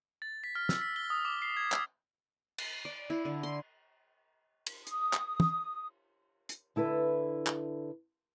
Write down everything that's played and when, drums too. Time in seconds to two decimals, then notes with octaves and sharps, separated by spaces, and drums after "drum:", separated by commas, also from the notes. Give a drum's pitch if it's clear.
0.22 A6
0.44 B6
0.55 F6
0.69 E6, drum: snare
0.81 B6
0.96 G7
1.10 D#6
1.25 D6
1.42 C7
1.57 G#6
1.72 E6, drum: clap
2.58 drum: cymbal
2.85 D5
3.10 E4
3.25 D3
3.43 C6
4.67 drum: cymbal
4.87 D#6, drum: hi-hat
5.13 drum: clap
5.40 drum: tom
6.49 drum: hi-hat
6.76 D3 E4 A4 B4
7.47 drum: clap